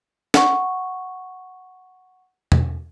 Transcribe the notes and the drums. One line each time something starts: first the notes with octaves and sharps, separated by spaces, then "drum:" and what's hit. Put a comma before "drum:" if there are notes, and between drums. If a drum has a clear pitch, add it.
F#5 C#6, drum: snare
drum: tom